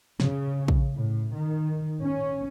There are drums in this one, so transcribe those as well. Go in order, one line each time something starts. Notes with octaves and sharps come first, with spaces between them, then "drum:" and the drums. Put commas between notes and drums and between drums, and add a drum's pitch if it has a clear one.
C#3, drum: snare
drum: kick
A2
D#3
C#4